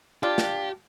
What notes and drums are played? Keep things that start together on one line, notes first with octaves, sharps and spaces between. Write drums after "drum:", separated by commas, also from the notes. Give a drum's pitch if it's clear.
D4 F4 G4
drum: snare